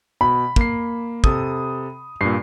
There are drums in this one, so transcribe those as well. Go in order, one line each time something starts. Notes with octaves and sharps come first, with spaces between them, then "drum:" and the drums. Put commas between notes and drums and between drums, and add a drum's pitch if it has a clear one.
B2 B5
A#3 C7, drum: kick
C3 A4 D#6, drum: kick
G2 A#2 C7